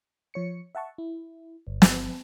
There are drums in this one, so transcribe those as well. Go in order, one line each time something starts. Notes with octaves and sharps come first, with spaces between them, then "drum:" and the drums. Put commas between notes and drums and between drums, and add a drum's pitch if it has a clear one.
F3 C#5 C#7
E5 F#5 A5 C#6
E4
G1
drum: snare